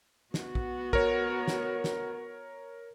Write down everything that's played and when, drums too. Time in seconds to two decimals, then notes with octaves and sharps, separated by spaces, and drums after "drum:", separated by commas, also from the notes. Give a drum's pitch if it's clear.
0.34 B3 F#4, drum: snare
0.55 drum: kick
0.93 A#4 C#5, drum: kick
1.48 drum: snare
1.84 drum: snare